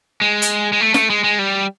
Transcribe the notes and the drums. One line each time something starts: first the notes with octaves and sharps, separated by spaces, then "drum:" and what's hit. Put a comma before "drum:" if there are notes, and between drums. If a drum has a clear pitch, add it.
G#3
drum: hi-hat
G#3
A3
A3, drum: snare
G#3
G#3
G3